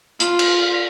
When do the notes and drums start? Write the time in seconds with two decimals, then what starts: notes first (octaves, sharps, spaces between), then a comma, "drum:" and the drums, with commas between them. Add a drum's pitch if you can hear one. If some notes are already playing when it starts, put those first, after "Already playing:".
0.20 F4, drum: hi-hat
0.39 drum: cymbal